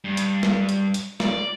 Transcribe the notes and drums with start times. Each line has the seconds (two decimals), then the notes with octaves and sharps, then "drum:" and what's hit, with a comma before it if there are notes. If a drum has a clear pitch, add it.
0.04 G2
0.17 drum: hi-hat
0.43 drum: snare
0.69 drum: hi-hat
0.94 drum: hi-hat
1.20 D5, drum: snare